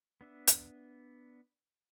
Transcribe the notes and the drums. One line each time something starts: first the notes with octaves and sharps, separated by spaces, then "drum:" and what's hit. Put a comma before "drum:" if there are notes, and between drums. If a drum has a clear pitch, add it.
B3 D4 E5
drum: hi-hat